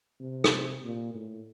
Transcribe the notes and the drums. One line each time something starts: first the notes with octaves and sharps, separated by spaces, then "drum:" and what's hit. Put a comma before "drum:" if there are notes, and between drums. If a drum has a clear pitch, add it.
C3
drum: rim click
A#2
A2